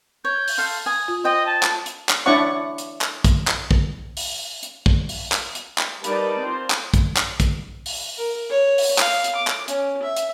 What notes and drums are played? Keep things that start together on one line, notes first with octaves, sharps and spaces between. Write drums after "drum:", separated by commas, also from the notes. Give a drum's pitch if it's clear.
C#5 G6
drum: open hi-hat
A4 F5 C6
G#5 D#6
F4
C5 D#5 G5
A5
drum: clap
drum: hi-hat
drum: clap
D4 E4 C#5 D5 F#5 C#6
drum: hi-hat
drum: clap
drum: kick, hi-hat
drum: clap
drum: kick
drum: open hi-hat
drum: hi-hat
drum: kick
drum: open hi-hat
drum: clap
drum: hi-hat
drum: clap
G3 D#4 A#4 B4 D5 A5, drum: hi-hat
C4 F4 C5
drum: clap
drum: kick, hi-hat
drum: clap
drum: kick, hi-hat
drum: open hi-hat
A#4
C#5
drum: open hi-hat
F5, drum: clap
drum: hi-hat
D6
drum: clap
C#4, drum: hi-hat
E5
drum: hi-hat